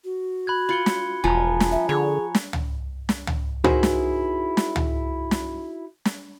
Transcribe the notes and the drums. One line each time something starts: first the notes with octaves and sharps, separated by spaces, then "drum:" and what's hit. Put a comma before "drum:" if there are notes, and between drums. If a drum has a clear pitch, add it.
F#4
B5 F#6 G#6
F4 B5 C#7 G7
drum: snare
E1 F3 G#5 A#5
drum: snare
E5
D3 G#4 C#5
drum: snare
drum: tom C#2
drum: snare
drum: tom C#2
D#4 E4 F#4 G#4 A#4 C5, drum: tom C#2
drum: snare
drum: snare
drum: tom C#2
drum: snare
drum: snare